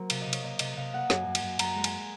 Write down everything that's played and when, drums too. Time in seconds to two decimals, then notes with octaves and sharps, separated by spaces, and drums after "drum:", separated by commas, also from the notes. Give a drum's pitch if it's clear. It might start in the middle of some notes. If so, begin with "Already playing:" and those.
Already playing: F#3 A#3 A#4 C5
0.10 C3 F5, drum: cymbal
0.22 C3 D#5
0.33 C#5, drum: cymbal
0.43 A#3 D#5
0.59 C3 D#5, drum: cymbal
0.76 C3 F5
0.93 A#3 F#5
1.10 F#2 G#5, drum: snare
1.26 F#2
1.35 G#5, drum: cymbal
1.43 F#2
1.59 F#2 A#5, drum: cymbal
1.76 G#3
1.84 G#5, drum: cymbal